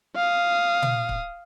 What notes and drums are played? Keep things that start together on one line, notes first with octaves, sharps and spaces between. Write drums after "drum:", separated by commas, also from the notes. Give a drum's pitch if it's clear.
F5 D#6
drum: tom A#2
drum: kick